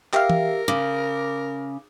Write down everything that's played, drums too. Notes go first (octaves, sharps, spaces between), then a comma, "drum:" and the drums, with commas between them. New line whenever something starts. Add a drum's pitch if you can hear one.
G4 A#4 E5 F5, drum: clap
drum: tom E3
C#3 D6